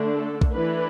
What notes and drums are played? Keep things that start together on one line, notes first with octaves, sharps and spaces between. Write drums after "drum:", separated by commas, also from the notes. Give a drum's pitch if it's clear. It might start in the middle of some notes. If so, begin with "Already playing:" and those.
Already playing: D3 A3 D4
A4
drum: kick B1
E3 A3 D4 B4